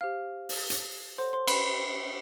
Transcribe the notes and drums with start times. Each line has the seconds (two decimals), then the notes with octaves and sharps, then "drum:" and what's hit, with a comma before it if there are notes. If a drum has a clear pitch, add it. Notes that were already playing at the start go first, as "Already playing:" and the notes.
0.01 G4 C5 F5 F6
0.49 drum: open hi-hat
0.70 drum: hi-hat
1.18 A4 C5 C#5 F#5 C6
1.33 C5 C6
1.47 B4 B5, drum: cymbal